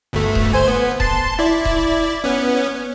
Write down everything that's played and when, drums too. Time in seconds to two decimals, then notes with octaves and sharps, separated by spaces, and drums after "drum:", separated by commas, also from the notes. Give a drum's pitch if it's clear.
0.13 G1 D2 A3
0.35 drum: kick D#1
0.53 C5 G#5
0.68 B3
1.00 A5 C6, drum: kick D#1
1.39 E4 D5
1.65 drum: kick D#1
2.24 B3 C#4